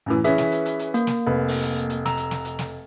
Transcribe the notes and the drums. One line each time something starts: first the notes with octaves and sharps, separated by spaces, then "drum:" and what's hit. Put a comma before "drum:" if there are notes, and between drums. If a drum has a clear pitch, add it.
F#2 A2 E3
E3 C#4 G#4 B4 E5, drum: hi-hat
drum: snare
drum: hi-hat
drum: hi-hat
drum: hi-hat
A#3, drum: hi-hat
drum: snare
F1 B4
drum: open hi-hat
drum: hi-hat
drum: hi-hat
A#5 E6, drum: snare
drum: hi-hat
drum: snare
drum: hi-hat
drum: snare